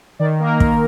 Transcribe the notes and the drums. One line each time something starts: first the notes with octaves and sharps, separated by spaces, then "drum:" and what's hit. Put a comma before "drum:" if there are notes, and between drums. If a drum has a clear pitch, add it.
D#3 D5
A#3 A#4
D#3, drum: kick